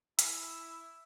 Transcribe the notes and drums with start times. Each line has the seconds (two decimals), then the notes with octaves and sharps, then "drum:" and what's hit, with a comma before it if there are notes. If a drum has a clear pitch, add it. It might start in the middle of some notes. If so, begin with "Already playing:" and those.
0.19 E4, drum: hi-hat